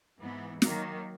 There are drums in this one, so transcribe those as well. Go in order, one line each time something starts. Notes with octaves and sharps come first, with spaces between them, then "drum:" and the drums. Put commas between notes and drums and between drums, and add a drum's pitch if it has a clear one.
G#2 E3 B3
D#3 F#3 A#3, drum: snare